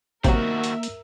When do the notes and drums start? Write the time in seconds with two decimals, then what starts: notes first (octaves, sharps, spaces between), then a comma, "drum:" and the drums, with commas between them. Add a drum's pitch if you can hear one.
0.24 C3 D#3 F#3 A#3 F#4 A#4 E5, drum: kick, hi-hat
0.64 drum: hi-hat
0.83 drum: hi-hat